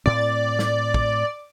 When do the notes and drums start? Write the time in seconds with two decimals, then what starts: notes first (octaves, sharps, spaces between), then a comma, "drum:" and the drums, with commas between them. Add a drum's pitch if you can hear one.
0.06 A2 C4 D5
0.59 drum: snare
0.94 drum: kick